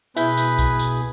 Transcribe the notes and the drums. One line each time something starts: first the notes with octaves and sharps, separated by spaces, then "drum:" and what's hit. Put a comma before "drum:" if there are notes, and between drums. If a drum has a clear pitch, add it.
B2 E4 G#4 B4 B5 G6, drum: tambourine
drum: tambourine
drum: kick B1, tambourine
drum: tambourine